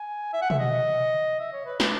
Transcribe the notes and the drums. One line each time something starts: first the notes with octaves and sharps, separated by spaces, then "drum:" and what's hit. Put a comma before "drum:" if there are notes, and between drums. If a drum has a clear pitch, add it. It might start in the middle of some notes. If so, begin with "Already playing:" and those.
Already playing: G#5
E5
F#5
E5, drum: tom
D#5
E5
C#5
B4
B4, drum: snare